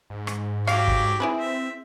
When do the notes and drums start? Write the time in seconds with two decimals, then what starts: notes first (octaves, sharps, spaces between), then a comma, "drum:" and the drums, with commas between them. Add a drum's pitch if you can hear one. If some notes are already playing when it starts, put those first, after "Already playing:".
0.10 G#2
0.27 drum: rim click
0.67 F#3 G4 F5 D6, drum: rim click
0.88 drum: kick
1.20 C4 E4 G#4 B4
1.40 E5